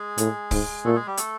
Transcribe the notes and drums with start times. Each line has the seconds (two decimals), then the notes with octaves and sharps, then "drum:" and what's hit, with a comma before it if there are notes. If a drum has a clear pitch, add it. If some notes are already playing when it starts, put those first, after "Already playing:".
Already playing: G#3 G#4
0.18 A2, drum: hi-hat
0.51 G#2, drum: kick, open hi-hat
0.85 A#2 A3 A4
0.95 G#3 G#4
1.07 G3 G4
1.17 A3 A4, drum: hi-hat